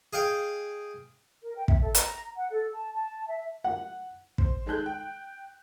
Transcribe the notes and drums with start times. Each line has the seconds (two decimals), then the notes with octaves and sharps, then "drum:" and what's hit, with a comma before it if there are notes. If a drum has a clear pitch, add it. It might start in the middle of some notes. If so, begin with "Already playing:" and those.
0.13 G#4 D#5 F5 G5 G#5
1.43 A#4
1.56 G5
1.68 E5, drum: kick
1.80 A4
1.95 A#5, drum: hi-hat
2.36 F#5
2.50 A4
2.73 A5
2.93 A5
3.27 E5
3.64 F#5
4.38 C5, drum: kick
4.66 D#3 G#3 A4 F#6 G6
4.86 G5